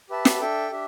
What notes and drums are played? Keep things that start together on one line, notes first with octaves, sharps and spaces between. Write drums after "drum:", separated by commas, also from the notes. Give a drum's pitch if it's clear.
G4 B4 E5 A5
drum: snare
D4 A4 E5 G5
D4 G4 E5